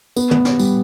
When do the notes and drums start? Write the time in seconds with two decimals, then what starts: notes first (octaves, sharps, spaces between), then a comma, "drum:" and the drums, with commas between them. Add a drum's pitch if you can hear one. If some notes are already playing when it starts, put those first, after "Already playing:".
0.16 B3, drum: tambourine
0.31 B3, drum: tom
0.45 drum: snare
0.59 G3, drum: tambourine